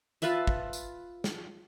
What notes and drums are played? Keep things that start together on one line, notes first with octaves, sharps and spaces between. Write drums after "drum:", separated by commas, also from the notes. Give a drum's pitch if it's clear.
F4 B4 E5 A5, drum: tambourine
drum: kick
drum: tambourine
drum: snare